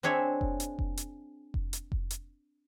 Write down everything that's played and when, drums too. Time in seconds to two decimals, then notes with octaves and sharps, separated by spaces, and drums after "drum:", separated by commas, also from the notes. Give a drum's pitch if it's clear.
0.03 C4 D4 G#4 C#5 E5
0.41 drum: kick F1
0.60 drum: hi-hat
0.79 drum: kick F1
0.97 drum: hi-hat
1.54 drum: kick F1
1.73 drum: hi-hat
1.92 drum: kick F1
2.10 drum: hi-hat